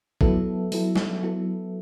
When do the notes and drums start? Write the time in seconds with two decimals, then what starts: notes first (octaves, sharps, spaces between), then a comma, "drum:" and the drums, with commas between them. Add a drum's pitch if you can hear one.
0.21 F#3 B3 E4 A4, drum: kick
0.72 F#3 B3 E4 A4, drum: open hi-hat
0.96 drum: snare
1.23 F#3 B3 E4 A4